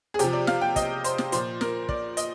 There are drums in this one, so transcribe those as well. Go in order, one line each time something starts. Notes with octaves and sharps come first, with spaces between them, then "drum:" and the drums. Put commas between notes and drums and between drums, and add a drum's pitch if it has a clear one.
G#4
C3 F3 G4, drum: hi-hat
D5
F5, drum: snare
G5
D#5, drum: kick, hi-hat
C5, drum: hi-hat
drum: snare
A#2 F3 C5, drum: hi-hat
A#4, drum: snare
D5, drum: kick
D#5, drum: hi-hat